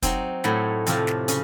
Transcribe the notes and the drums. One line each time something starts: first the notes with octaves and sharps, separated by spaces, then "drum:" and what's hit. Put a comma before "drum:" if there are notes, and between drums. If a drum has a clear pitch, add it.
F#3 C4 D#4, drum: kick, hi-hat
A2 F#3 A3, drum: snare
F2 C3 F3, drum: hi-hat
drum: snare
C#3 C#4, drum: hi-hat